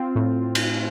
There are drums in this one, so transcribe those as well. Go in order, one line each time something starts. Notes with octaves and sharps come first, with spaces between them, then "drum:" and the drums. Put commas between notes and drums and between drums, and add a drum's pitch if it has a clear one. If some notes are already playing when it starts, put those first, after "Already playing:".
Already playing: C4 F4
A2
drum: cymbal